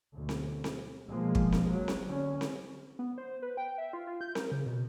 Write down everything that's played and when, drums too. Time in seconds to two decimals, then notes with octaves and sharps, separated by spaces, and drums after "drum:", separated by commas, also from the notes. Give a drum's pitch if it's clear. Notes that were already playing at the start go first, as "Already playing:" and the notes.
0.16 D2 B2
0.29 drum: snare C4
0.64 drum: snare C4
1.09 B2 F3 G#3 A#3
1.35 drum: kick
1.52 drum: snare C4
1.73 F#3
1.88 drum: snare C4
2.06 D3 C#4
2.41 drum: snare C4
2.99 B3
3.18 C5
3.42 B4
3.57 G5
3.78 E5
3.93 F4
4.07 F4
4.21 G6
4.35 A#4, drum: snare C4
4.52 C#3
4.66 B2